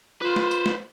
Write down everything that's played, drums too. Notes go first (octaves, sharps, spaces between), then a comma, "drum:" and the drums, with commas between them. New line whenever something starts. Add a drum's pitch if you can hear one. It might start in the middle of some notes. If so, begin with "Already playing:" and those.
F4 B4 C5
drum: snare
drum: tambourine
drum: snare